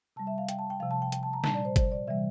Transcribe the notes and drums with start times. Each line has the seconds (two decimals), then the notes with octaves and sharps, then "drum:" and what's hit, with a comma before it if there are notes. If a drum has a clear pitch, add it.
0.16 C3 G3 A5
0.27 E5
0.38 F5
0.49 G5, drum: hi-hat
0.59 A5
0.70 G5
0.80 C3 F3 F5
0.91 A5
1.02 G5
1.12 G5, drum: hi-hat
1.23 A5
1.33 A#5
1.44 A#2 G3 A5, drum: snare
1.54 D5
1.65 C5
1.76 C5, drum: kick, hi-hat
1.92 D5
2.07 C3 E3 G3 E5